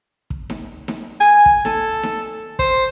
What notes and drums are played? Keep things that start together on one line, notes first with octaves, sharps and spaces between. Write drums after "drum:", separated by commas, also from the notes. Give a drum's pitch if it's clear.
drum: kick
drum: snare D#4
drum: snare D#4
G#5
drum: kick
A4, drum: snare D#4
drum: snare D#4
C5, drum: kick